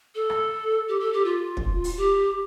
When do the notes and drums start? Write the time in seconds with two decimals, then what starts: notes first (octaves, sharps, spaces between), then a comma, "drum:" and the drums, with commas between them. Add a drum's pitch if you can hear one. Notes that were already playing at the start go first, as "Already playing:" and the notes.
0.15 A4
0.30 drum: rim click
0.88 G4
1.00 A4
1.13 G4
1.25 F4
1.57 drum: kick
1.84 drum: open hi-hat
1.97 G4